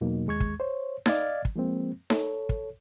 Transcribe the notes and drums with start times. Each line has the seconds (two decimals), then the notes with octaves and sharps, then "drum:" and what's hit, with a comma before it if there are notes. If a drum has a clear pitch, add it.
0.01 E2 B2 F#3 A#3 D#4
0.27 D#2 G#3 C#6 G#6
0.40 drum: kick
0.60 C5 C#5
1.06 D5 D#5 F5 F6 G#6 A6, drum: snare D#4
1.45 drum: kick
1.56 F3 G#3 A#3 C4
2.10 A4 C#5, drum: snare D#4
2.49 drum: kick